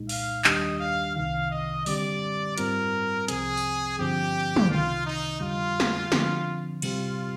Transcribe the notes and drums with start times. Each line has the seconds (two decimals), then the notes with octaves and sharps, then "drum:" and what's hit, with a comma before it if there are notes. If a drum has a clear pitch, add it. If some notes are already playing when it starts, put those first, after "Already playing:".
Already playing: C2 A#2 G#3 D#4
0.09 F5, drum: open hi-hat
0.44 D#2 D#3 G3 D4 G4 D#5, drum: clap
0.80 F5
1.15 C2 C3 D#3 F5
1.51 D#5
1.86 D3 G3 C4 G4 D5, drum: open hi-hat
2.58 G#2 G3 C4 F4 A#4, drum: hi-hat
3.28 C2 C3 F3 C4 G#4, drum: hi-hat
3.57 drum: tambourine
3.99 G2 D3 F3 C4 G4
4.56 drum: tom
4.70 C2 C3 D#3 F4
5.06 D#4
5.40 F2 D3 G3 F4
5.80 drum: snare
6.12 D3 F3 C4, drum: snare
6.82 C3 G3 C4 F4 G4, drum: cymbal